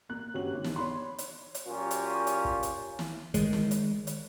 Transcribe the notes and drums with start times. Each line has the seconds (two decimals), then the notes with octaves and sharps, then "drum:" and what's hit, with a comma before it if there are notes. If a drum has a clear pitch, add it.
0.09 A#3 F#6
0.34 G1 C#4 F#4 G4 F#7
0.53 G#1
0.64 B1, drum: snare
0.76 C#5 B5 C6
1.18 drum: hi-hat
1.55 drum: hi-hat
1.67 A#2 F#3 C#4 F4 G4
1.91 drum: hi-hat
2.27 drum: hi-hat
2.45 drum: kick
2.63 drum: hi-hat
2.99 drum: snare
3.34 D#3 G#3, drum: kick, hi-hat
3.53 drum: snare
3.71 drum: hi-hat
4.07 drum: hi-hat